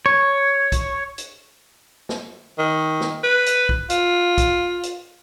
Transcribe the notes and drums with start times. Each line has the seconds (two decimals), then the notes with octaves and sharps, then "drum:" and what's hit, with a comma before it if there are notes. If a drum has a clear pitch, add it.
0.06 C#5
0.72 drum: kick, hi-hat
1.18 drum: hi-hat
2.09 drum: snare
2.59 D#3
3.01 drum: snare
3.23 B4
3.46 drum: hi-hat
3.69 drum: kick
3.90 F4, drum: hi-hat
4.38 drum: kick, hi-hat
4.83 drum: hi-hat